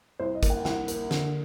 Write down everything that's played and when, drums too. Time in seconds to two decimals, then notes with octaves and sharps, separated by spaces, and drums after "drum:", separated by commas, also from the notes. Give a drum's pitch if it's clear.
0.19 C2 C5
0.35 D#5
0.43 A#3, drum: kick, hi-hat
0.50 F#5
0.58 G5
0.65 C2 F#5, drum: snare
0.88 A#3, drum: hi-hat
1.11 D3, drum: snare